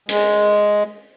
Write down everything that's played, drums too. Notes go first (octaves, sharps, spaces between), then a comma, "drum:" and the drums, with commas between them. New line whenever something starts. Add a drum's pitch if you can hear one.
G#3, drum: hi-hat